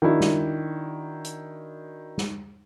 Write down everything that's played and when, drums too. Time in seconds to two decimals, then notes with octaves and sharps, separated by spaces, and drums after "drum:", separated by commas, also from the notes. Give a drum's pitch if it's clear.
0.02 D#3 D4 E4 F#4
0.21 drum: snare
1.25 drum: hi-hat
2.18 drum: snare